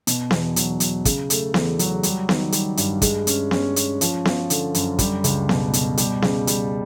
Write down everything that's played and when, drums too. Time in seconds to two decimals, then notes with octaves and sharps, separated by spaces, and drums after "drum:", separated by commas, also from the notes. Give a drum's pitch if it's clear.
0.07 B2, drum: hi-hat
0.31 E2, drum: snare B3
0.56 F#3, drum: hi-hat
0.80 F#3, drum: hi-hat
1.05 C#3, drum: kick, hi-hat
1.30 A3, drum: hi-hat
1.54 E2, drum: snare B3
1.79 F#3, drum: hi-hat
2.03 G3, drum: hi-hat
2.29 D#3, drum: snare B3
2.52 G3, drum: hi-hat
2.77 G2, drum: hi-hat
3.02 G#3, drum: kick, hi-hat
3.27 C#4, drum: hi-hat
3.51 C#4, drum: snare B3
3.76 C#4, drum: hi-hat
4.01 F3, drum: hi-hat
4.25 F3, drum: snare B3
4.50 D3, drum: hi-hat
4.74 F#2, drum: hi-hat
4.99 G3, drum: kick, hi-hat
5.24 C#2, drum: hi-hat
5.49 B2, drum: snare B3
5.73 B2, drum: hi-hat
5.97 G3, drum: hi-hat
6.22 C#3, drum: snare B3
6.47 G3, drum: hi-hat